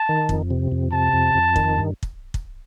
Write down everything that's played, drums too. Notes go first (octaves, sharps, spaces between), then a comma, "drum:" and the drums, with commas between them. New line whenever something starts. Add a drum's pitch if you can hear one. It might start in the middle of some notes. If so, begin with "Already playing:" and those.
Already playing: A5
D#3
F2, drum: kick
C3
F2
C3 A5
F2
F2
D#3, drum: kick
G2
drum: kick
drum: kick